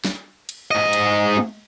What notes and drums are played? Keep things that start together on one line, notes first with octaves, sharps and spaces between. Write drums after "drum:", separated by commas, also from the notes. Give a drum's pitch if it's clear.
drum: snare
drum: cymbal
G#2 D#5
drum: cymbal
drum: tom